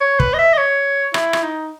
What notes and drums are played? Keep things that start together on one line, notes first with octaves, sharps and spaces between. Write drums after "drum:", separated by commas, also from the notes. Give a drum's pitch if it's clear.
C#5
B4, drum: kick
D#5
E5
D#5
C#5
E4, drum: rim click
drum: rim click
D#4